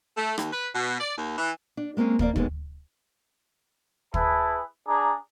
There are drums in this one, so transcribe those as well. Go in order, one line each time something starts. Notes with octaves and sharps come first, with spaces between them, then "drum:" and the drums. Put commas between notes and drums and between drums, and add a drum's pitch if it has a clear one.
A3
D#2, drum: rim click
B4
B2
D5
D#2
E3
D4
G#3 A#3 C4 C#4 G#4
F2 A#3 D5, drum: kick
D#2 G#2 G#3 B3, drum: kick
E4 G#4 B4 A5, drum: kick
D4 G#4 A#5